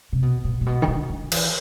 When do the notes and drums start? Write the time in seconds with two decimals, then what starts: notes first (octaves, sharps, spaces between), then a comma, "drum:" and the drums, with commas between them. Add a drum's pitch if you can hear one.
0.13 C3
0.22 B2
0.44 A#2
0.61 A#2
0.66 B2
0.82 D#3
0.88 D3
1.10 D#3
1.23 F3
1.32 E3, drum: cymbal